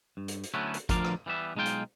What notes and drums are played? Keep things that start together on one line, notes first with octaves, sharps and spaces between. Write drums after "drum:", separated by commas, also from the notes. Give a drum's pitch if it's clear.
G2
drum: hi-hat
drum: hi-hat
D2 F#3 A3 B3 C#4 E4
drum: hi-hat
D2 D3 F3 A#4 D5 F5, drum: kick, hi-hat
drum: rim click
E3 G3 B3 E5
B1 G#3 D#4 F4 G5
drum: hi-hat